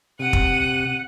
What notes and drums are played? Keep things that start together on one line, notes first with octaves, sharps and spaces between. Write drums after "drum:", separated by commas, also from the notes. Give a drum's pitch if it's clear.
C3 F#5 D#7
drum: kick